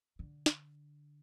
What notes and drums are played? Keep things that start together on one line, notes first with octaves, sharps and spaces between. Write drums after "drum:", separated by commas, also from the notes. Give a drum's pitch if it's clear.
D3
drum: snare